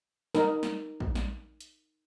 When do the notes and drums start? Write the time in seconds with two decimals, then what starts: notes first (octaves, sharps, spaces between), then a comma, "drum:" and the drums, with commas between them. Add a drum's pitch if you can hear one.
0.35 D#4 A#4, drum: snare
0.63 drum: snare
1.00 drum: kick A#1
1.15 drum: snare
1.61 drum: hi-hat